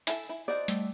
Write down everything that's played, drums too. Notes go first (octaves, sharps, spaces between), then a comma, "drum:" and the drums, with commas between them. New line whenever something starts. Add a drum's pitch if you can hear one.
E4 A4 E5 G#5, drum: hi-hat
E4
D#4 F#4 C5 D5 D6
G3 A3, drum: hi-hat